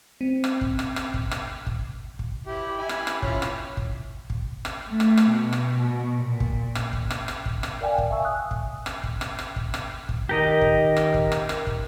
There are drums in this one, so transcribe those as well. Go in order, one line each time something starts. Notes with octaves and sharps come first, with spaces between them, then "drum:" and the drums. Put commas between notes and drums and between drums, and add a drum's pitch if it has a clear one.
C4
drum: rim click
drum: kick
drum: rim click
drum: rim click
drum: kick
drum: rim click
drum: kick
drum: kick
E4 G4
E4 G#5
drum: rim click
drum: rim click
C#4 E4 F4, drum: kick
drum: rim click
drum: kick
drum: kick
drum: rim click
A3
drum: rim click
drum: rim click
B2
drum: rim click
B2
A#2
drum: kick
drum: rim click
drum: kick
drum: rim click
drum: rim click
drum: kick
drum: rim click
A#4 D5 F5 G5 G#5
drum: kick
E5 F5 G#5 A5 C#6 E6
D#6 F#6
drum: kick
drum: rim click
drum: kick
drum: rim click
drum: rim click
drum: kick
drum: rim click
drum: kick
D#3 G4 A#4 D#5
drum: kick
drum: rim click
drum: kick
drum: rim click
drum: rim click
drum: kick